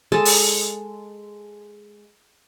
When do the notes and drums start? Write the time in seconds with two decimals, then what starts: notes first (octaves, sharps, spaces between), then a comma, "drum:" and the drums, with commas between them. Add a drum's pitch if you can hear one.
0.12 G#3 A4 D#5 A5
0.25 drum: open hi-hat